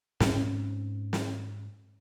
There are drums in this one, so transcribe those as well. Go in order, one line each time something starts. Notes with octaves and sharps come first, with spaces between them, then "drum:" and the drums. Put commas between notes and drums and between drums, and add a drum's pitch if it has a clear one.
G#2 C4 C#4, drum: snare
drum: snare